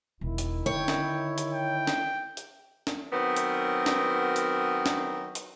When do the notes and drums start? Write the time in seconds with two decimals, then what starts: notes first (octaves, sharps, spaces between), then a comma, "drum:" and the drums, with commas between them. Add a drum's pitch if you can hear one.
0.21 E1 D#3 E4
0.38 drum: hi-hat
0.66 D3 C#5 G5
0.88 drum: snare
1.38 drum: hi-hat
1.53 G5
1.87 drum: snare
2.37 drum: hi-hat
2.87 drum: snare
3.12 D#3 F#3 B3 C4 A#4
3.37 drum: hi-hat
3.86 drum: snare
4.36 drum: hi-hat
4.86 drum: snare
5.35 drum: hi-hat